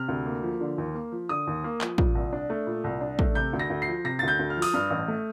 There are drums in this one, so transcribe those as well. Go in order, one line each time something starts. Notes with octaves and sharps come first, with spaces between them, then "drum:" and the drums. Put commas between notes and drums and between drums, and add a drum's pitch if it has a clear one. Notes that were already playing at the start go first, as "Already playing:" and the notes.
Already playing: C3 F6
D2
A#3
F3
D3
D#2
A#3
F3
D3 D#6
D#2
A#3
F3, drum: clap
A#2, drum: kick
C2
D4
A3
A#2
C2
D4
A3, drum: kick
C3 G6
D2
A#6
D2
C7
F3
C3 A#6
D2 A6
G6
D2
F6
F3
D#6, drum: open hi-hat
G2 F6
A1
A3